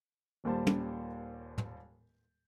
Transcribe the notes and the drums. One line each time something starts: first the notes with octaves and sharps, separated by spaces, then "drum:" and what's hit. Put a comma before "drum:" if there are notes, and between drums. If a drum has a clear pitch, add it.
D#1 D#2 G3 C5 A5
drum: tom
drum: tom